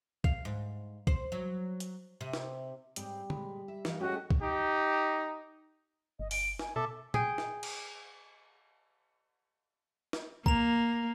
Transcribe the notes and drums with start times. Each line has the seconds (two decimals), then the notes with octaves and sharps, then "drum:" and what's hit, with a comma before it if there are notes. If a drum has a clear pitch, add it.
0.24 F5, drum: kick
0.45 G#2
1.07 C5, drum: kick
1.32 F#3
1.80 drum: hi-hat
2.21 C3
2.33 drum: snare
2.96 G#2 G3 C4, drum: hi-hat
3.30 A#2 G#3 B5, drum: tom D3
3.68 E5
3.85 E3 A#4 F5, drum: snare
4.00 A2 C#4 F#4 G#4 A4 D#5 G5
4.31 drum: kick
4.41 D#4 G4
6.20 G1 D#5
6.31 D7, drum: open hi-hat
6.59 G#5, drum: snare
6.76 B2 A4 E5 D6
7.14 G#4 G5, drum: tom
7.38 drum: snare
7.63 drum: cymbal
10.13 drum: snare
10.46 A#3 A#5 F7, drum: kick